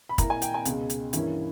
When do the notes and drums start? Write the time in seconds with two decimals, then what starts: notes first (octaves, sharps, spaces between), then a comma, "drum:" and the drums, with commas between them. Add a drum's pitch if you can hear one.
0.09 B5
0.18 A#2 A#3 E4 A#5, drum: kick, hi-hat
0.30 G#5
0.42 G5, drum: hi-hat
0.54 G#5
0.65 C#2 B2 G#3, drum: hi-hat
0.90 drum: hi-hat
1.13 G2 E3 A#3 C#4 E4, drum: hi-hat